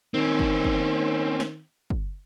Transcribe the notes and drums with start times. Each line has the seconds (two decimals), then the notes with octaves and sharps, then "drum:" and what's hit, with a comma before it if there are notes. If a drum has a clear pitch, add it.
0.14 D#3 C4 C#4
0.39 drum: kick
0.64 drum: kick
1.40 drum: snare
1.90 drum: kick